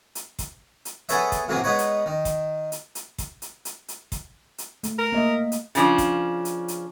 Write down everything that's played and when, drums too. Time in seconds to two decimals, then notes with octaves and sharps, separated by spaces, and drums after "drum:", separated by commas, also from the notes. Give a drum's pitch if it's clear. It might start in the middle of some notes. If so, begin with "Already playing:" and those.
0.15 drum: hi-hat
0.39 drum: kick, hi-hat
0.85 drum: hi-hat
1.09 B3 G#4 A4 B4 C#5 E5, drum: hi-hat
1.32 drum: kick, hi-hat
1.48 A2 C3 E3 F#3 A#3 B3
1.64 G#3 B3 D#4 B4 C#5
1.79 drum: hi-hat
2.06 D#3
2.25 drum: kick, hi-hat
2.72 drum: hi-hat
2.95 drum: hi-hat
3.18 drum: kick, hi-hat
3.42 drum: hi-hat
3.65 drum: hi-hat
3.88 drum: hi-hat
4.12 drum: kick, hi-hat
4.58 drum: hi-hat
4.83 A3, drum: hi-hat
4.98 A#4
5.12 A#3 D#5 E5
5.52 drum: hi-hat
5.75 C#3 F3 D4, drum: hi-hat
5.98 drum: kick, hi-hat
6.45 drum: hi-hat
6.68 drum: hi-hat